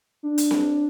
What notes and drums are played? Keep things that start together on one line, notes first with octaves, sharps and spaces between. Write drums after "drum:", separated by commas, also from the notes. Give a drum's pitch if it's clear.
D4
drum: hi-hat
drum: snare C4